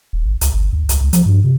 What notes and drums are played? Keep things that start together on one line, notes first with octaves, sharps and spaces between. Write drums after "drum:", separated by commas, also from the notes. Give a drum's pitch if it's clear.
D#1
G#1
C#2, drum: hi-hat
G1
D#2
C#2, drum: hi-hat
C#2
F3, drum: hi-hat
G2
C3